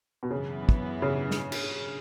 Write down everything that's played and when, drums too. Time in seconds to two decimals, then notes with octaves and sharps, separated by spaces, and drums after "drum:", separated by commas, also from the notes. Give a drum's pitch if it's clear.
0.23 B2
0.31 F#2 C#3 E3 B3 E4
0.69 drum: kick
1.02 C#3
1.31 drum: snare
1.52 drum: cymbal